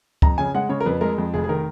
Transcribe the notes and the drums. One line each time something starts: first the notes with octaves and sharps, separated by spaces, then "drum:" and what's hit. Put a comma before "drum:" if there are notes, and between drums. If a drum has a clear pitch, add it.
F2 A#5, drum: kick C#2
C#3 G#5
G#3 F#5
C#3 C#5
A#4
F2 B4
G#3 A#4
F2
F1 G#4
G#4
D#3 A#4